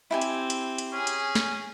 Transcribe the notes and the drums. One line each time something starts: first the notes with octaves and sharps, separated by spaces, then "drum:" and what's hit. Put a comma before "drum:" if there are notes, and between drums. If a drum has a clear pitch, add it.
C4 E4 G4 G#5
drum: hi-hat
drum: hi-hat
drum: hi-hat
C#4 G#4
drum: hi-hat
drum: snare